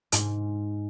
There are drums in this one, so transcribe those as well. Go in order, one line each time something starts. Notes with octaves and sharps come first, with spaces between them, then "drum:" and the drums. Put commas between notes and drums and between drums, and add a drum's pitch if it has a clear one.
G#2, drum: hi-hat